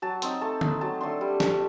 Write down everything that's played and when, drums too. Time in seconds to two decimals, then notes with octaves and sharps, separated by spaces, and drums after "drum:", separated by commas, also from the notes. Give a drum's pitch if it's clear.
0.02 F#3 A5
0.22 C4 D#4, drum: hi-hat
0.41 A3 A5
0.61 D#4, drum: tom D3
0.81 F#3 A5
1.01 A3 D4 C6
1.21 G3
1.40 D4, drum: snare